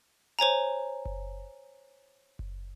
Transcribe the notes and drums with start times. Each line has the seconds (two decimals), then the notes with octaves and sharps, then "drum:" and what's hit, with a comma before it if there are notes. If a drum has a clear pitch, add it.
0.39 C5 C#5 G#5 A#5
1.05 drum: kick F#1
2.39 drum: kick F#1